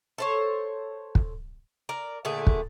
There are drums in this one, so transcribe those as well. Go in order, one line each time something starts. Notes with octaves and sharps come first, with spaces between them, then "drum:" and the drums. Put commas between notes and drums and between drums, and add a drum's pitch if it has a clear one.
A4 C5 C#5
drum: kick
A#4 D5
A#2 D3 A3 G#4
drum: kick